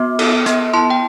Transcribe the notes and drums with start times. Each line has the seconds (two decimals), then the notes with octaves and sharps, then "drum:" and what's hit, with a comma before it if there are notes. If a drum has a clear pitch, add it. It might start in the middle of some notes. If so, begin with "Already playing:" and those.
Already playing: B3 F#4 D6
0.19 A4, drum: cymbal
0.46 B3, drum: hi-hat
0.74 E4 A5 C6
0.90 G5